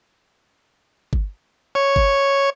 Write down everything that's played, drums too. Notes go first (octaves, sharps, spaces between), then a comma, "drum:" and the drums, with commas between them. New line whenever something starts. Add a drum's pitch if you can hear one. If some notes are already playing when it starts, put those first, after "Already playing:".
drum: kick G1
C#5
drum: kick G1